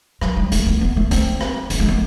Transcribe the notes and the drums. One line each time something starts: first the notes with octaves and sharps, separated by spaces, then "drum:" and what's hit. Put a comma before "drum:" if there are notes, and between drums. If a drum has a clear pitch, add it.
F#3, drum: rim click
G3
A3, drum: hi-hat
B3
B3
A3
C4, drum: hi-hat
drum: rim click
B3, drum: hi-hat
A3
B3